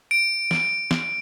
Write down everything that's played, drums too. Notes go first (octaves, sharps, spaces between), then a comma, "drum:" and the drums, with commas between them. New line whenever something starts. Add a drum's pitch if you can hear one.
D7
drum: snare
drum: snare